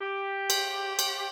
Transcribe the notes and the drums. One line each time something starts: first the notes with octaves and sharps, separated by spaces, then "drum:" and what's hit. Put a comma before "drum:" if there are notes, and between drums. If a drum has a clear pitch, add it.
G4
drum: cymbal
drum: cymbal